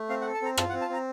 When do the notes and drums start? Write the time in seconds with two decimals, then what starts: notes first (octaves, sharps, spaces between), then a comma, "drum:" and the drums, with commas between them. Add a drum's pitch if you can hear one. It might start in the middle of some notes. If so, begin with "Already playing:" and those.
Already playing: A3
0.09 C4 F5
0.21 F#5
0.26 A4
0.34 A5
0.42 C4 A#5
0.57 F4 A5, drum: rim click
0.69 F#5
0.73 C4
0.81 A5
0.89 C4 A#5